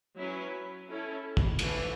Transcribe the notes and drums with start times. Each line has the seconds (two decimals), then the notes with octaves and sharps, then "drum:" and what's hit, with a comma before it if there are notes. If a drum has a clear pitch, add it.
0.18 F#3 C#4 E4 B4
0.87 C#4 E4 A4
1.37 drum: kick
1.59 E3 A3 D4, drum: cymbal